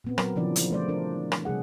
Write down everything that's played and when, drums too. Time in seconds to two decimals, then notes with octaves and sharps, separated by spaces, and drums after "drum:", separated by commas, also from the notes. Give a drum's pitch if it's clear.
0.04 A#2 B3 C4
0.18 F#3 A#4, drum: rim click
0.36 C#3 E3 F3 D4 D5
0.56 drum: hi-hat
0.71 A3 C5 D5
0.89 D4 A#4
1.32 drum: rim click
1.45 C3 G3 G#4 F#5